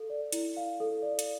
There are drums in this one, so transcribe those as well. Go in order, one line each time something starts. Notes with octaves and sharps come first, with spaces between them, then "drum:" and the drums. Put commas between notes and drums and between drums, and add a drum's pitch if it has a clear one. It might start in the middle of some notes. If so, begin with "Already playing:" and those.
Already playing: A4 F5
D5
E4, drum: hi-hat
F5
A4
D5
drum: hi-hat